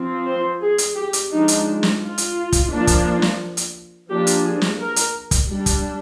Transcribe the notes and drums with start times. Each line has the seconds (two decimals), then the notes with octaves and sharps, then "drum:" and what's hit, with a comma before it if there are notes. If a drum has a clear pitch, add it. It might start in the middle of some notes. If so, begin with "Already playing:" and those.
Already playing: F3 C4
0.26 C5
0.61 G#4
0.78 drum: hi-hat
0.96 G4
1.13 drum: hi-hat
1.30 F3 G#3 D4 D#4
1.48 drum: hi-hat
1.83 drum: snare
2.00 F4
2.18 drum: hi-hat
2.52 drum: kick, hi-hat
2.70 F3 A#3 D4
2.87 drum: kick, hi-hat
3.22 drum: snare
3.57 drum: hi-hat
4.09 F3 A#3 D4 G4
4.27 drum: hi-hat
4.44 G#4
4.61 drum: snare
4.79 A#4
4.96 drum: hi-hat
5.31 drum: kick, hi-hat
5.49 G3 D4
5.66 drum: kick, hi-hat